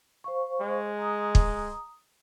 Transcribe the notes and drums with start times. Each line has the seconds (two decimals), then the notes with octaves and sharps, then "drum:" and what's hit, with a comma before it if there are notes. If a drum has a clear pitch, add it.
0.24 C5 F5 C#6
0.61 G#3
0.98 A#5 D#6
1.35 drum: kick